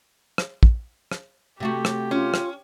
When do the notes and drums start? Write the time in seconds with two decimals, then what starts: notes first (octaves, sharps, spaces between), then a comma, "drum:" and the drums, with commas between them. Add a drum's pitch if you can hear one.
0.38 drum: rim click
0.63 drum: kick
1.12 drum: rim click
1.60 C3 A3 F#4 G4
1.85 drum: rim click
2.11 C#4 F4
2.34 drum: rim click